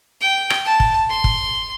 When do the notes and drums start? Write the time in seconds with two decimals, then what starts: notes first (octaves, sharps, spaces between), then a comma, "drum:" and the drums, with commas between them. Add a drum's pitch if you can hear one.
0.21 G5
0.50 drum: rim click
0.65 A5
0.80 drum: kick
1.10 C6
1.24 drum: kick